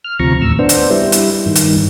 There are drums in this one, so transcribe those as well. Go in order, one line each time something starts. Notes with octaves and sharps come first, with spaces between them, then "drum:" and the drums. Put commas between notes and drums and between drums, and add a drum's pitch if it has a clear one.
F6
D2 C3 F3 A#5 C#6
D#2 A2 E6
B3 D4 C5
drum: hi-hat
G3 E4
drum: hi-hat
G2 D#3
drum: hi-hat